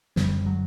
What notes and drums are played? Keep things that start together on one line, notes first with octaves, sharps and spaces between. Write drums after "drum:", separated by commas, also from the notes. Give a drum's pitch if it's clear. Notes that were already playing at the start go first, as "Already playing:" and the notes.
F#1 F#2 D3 G3, drum: snare
F#3